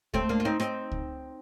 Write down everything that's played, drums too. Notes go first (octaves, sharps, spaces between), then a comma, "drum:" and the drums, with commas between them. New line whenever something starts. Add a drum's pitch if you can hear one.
A3 C4, drum: kick C#2
A#3 D4
F4
C4 D#4
C4 D#4, drum: rim click
drum: kick C#2